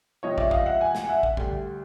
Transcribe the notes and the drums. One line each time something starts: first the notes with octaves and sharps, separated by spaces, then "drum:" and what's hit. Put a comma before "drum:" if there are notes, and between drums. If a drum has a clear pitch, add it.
C#2 C3 F3 C#5 D#5
D5 E5, drum: kick
D#5 F5, drum: kick
E5 F#5
F#5 G#5
drum: snare
E5 F#5
drum: kick
D2 D3 G3, drum: kick